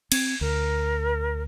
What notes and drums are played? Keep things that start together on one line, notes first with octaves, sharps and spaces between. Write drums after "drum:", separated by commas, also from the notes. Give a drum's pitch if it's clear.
C4 G#6, drum: cymbal
D2 A#4